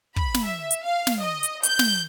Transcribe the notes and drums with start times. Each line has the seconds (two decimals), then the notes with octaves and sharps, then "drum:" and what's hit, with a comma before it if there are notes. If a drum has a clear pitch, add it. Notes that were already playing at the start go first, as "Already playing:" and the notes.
0.16 B5, drum: kick
0.34 drum: snare
0.45 E5
0.71 drum: hi-hat
0.83 F5
1.07 drum: snare
1.20 D#5
1.43 drum: hi-hat
1.63 G6, drum: hi-hat
1.79 drum: snare